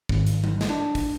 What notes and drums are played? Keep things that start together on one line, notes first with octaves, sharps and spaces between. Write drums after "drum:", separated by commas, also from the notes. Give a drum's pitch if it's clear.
G#1, drum: kick
drum: hi-hat
drum: tom F#3
drum: snare
D4
drum: kick, open hi-hat